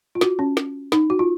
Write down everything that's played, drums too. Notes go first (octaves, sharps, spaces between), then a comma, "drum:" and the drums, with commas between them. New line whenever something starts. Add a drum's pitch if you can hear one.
F4
F#4, drum: snare
C#4
drum: snare
D#4, drum: snare
F#4
F4